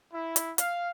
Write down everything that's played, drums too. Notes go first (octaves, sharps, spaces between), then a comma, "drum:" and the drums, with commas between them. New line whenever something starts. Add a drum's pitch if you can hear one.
E4
drum: hi-hat
F5, drum: hi-hat